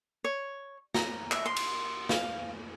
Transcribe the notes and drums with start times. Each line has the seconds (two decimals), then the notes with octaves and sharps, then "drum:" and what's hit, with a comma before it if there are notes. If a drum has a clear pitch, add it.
0.24 C#5
0.94 A#5, drum: snare
1.31 E5, drum: clap
1.46 C6
1.57 drum: cymbal
2.09 F5, drum: snare